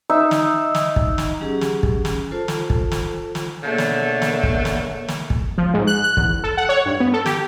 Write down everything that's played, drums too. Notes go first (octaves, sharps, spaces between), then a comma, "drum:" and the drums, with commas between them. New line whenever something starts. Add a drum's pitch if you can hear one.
D#4 E5
drum: snare
drum: snare
drum: kick
drum: snare
F#3 C#4 G4 G#4
drum: snare
drum: kick
drum: snare
F4 A4 C5 A5
drum: snare
drum: kick
drum: snare
drum: snare
B2 D3 A3 A#3 G#4 A4 C#5
drum: snare
drum: snare
drum: kick
drum: snare
drum: snare
drum: kick
F3
G#2
F#6
F#6
E2, drum: kick
A4
F#5
C#5
G2
B3
A4
G4, drum: snare